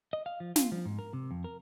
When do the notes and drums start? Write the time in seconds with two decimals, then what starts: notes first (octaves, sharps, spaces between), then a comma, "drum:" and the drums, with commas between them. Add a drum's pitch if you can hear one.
0.13 D#5
0.26 F5
0.40 F3
0.56 F4, drum: snare
0.72 F3
0.86 G#2
0.99 A#4
1.13 C3
1.31 F2
1.44 A#4